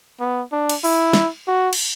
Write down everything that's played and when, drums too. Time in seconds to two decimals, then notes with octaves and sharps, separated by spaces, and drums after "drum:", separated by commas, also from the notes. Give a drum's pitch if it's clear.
0.20 B3
0.52 D4
0.69 drum: cymbal
0.84 E4, drum: open hi-hat
1.13 drum: snare
1.48 F#4
1.73 drum: cymbal